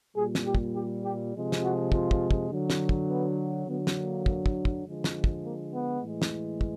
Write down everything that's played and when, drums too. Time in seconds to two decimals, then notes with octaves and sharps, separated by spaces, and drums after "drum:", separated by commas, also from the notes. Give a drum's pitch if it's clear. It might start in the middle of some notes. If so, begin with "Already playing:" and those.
0.15 A#2 G3 G#4
0.35 drum: snare
0.45 G4
0.55 drum: kick
0.75 G4
1.03 G4
1.33 C3 F3 G#3
1.52 drum: snare
1.63 F#4
1.92 F4, drum: kick
2.11 drum: kick
2.31 drum: kick
2.50 D3 F#3
2.70 drum: snare
2.89 drum: kick
3.08 B3
3.67 D3 F#3 B3
3.87 drum: snare
3.96 A#3
4.26 drum: kick
4.46 drum: kick
4.65 drum: kick
4.84 D3 F3 G#3
5.04 drum: snare
5.24 drum: kick
5.44 A#3
5.73 B3
6.02 A2 E3 G#3
6.22 drum: snare
6.61 drum: kick